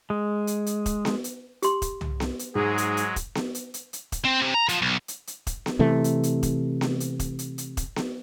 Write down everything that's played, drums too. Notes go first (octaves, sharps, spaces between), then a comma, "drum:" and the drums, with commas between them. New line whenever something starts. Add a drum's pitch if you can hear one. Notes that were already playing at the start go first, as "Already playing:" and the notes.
G#3
drum: hi-hat
drum: hi-hat
drum: kick E1, hi-hat
drum: snare B3
drum: hi-hat
G4 C6, drum: hi-hat
drum: kick E1, hi-hat
drum: tom
drum: snare B3
drum: hi-hat
G#2 F#3 G#3 G#4
drum: hi-hat
drum: hi-hat
drum: kick E1, hi-hat
drum: snare B3
drum: hi-hat
drum: hi-hat
drum: hi-hat
drum: kick E1, hi-hat
C4
C3
A#5
F3, drum: hi-hat
B1
drum: hi-hat
drum: hi-hat
drum: kick E1, hi-hat
drum: snare B3
C3 E3 A3
drum: hi-hat
drum: hi-hat
drum: kick E1, hi-hat
drum: snare B3
drum: hi-hat
drum: kick E1, hi-hat
drum: hi-hat
drum: hi-hat
drum: kick E1, hi-hat
drum: snare B3